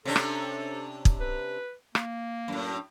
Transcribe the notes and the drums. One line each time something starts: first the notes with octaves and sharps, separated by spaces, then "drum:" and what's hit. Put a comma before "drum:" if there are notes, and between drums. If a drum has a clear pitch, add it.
C3 C#4 D4 A4
drum: rim click
drum: kick
B4
A#3, drum: rim click
F#2 A2